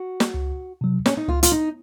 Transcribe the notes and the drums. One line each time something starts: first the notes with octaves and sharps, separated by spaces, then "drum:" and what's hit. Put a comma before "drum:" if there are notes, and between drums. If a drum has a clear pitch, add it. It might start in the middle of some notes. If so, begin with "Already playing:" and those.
Already playing: F#4
drum: snare
C#2
C3 F#3
C#4, drum: snare
D#4
C#2 F4
F4, drum: hi-hat
D#4